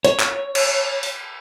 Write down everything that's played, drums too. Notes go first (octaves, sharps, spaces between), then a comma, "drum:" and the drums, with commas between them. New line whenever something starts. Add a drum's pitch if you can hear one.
C#5, drum: hi-hat
drum: clap
drum: cymbal
drum: open hi-hat